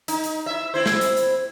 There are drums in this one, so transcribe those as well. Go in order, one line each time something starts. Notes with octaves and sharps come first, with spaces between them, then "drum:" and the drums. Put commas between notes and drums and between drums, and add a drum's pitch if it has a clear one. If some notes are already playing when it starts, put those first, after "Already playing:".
D#4, drum: hi-hat
drum: hi-hat
E4 E5
C4 E4 C5
drum: snare
drum: hi-hat
drum: hi-hat